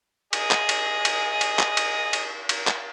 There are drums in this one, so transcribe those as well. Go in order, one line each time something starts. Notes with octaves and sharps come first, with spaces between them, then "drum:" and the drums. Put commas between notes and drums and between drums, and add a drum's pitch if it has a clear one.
G#4 D#5, drum: cymbal
drum: clap
drum: cymbal
drum: cymbal
drum: cymbal
drum: clap
drum: cymbal
drum: cymbal
drum: cymbal
drum: clap